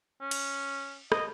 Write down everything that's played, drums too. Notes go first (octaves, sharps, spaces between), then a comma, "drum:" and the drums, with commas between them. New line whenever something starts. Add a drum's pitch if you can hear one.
C#4
drum: cymbal
D#5, drum: rim click